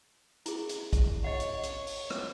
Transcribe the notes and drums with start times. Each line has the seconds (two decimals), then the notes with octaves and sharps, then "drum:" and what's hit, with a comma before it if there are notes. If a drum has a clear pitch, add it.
0.46 E4 G#4, drum: hi-hat
0.69 drum: hi-hat
0.93 drum: kick, hi-hat
1.24 C#5 D#5 F#5
1.40 drum: hi-hat
1.63 drum: hi-hat
1.87 drum: open hi-hat
2.10 drum: rim click